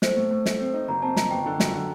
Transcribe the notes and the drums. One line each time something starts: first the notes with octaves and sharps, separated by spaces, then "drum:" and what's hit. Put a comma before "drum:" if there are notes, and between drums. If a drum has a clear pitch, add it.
A3 C5, drum: snare
A2
A2
A3, drum: snare
C4
D#4
F#1 A#5
C4 A5
F#1 A#5, drum: snare
G1 G5
D3
F#2, drum: snare
D3